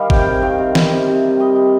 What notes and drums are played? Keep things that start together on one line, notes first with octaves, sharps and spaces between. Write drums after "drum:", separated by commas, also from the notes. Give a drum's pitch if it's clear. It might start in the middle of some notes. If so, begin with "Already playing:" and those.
Already playing: D#3 G3 D#5 F5
C3 G5, drum: kick G#1
C3
G5
D#3 F5
C3
G3, drum: snare
C3
C3
G3
G3 D#5
G3